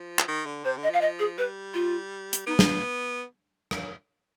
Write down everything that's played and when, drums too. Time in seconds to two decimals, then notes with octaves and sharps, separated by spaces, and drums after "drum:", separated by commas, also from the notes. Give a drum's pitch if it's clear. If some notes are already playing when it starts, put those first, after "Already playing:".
Already playing: F3
0.19 drum: clap
0.28 D#3
0.46 D3
0.65 C3 C5
0.78 D3
0.83 D#5
0.90 F3 F5
1.01 D#5
1.19 G#4
1.38 G3 B4
1.74 F4
2.33 drum: hi-hat
2.47 B3 D#4
2.59 drum: snare
3.71 drum: rim click